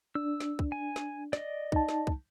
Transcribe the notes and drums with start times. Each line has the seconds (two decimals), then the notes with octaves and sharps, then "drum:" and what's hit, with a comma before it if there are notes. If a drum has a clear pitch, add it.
0.15 D4 E6
0.40 drum: snare
0.59 drum: kick
0.72 G#5
0.96 drum: snare
1.33 D5 D#5, drum: snare
1.72 D#4 A5, drum: kick
1.89 drum: snare
2.07 drum: kick